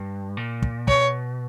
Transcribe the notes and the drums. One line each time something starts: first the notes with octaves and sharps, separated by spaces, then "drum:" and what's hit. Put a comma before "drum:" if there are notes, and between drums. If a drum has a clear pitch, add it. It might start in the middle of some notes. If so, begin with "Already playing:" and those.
Already playing: G2
A#2
drum: kick
B2 C#5, drum: kick